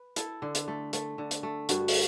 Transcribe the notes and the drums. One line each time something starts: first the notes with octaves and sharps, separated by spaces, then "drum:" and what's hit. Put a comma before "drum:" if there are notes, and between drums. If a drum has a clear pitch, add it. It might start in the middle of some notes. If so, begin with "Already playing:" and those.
Already playing: B4
E4 A4, drum: hi-hat
D3
drum: hi-hat
A3
A3, drum: hi-hat
D3
drum: hi-hat
A3
G2 F#4, drum: hi-hat
drum: open hi-hat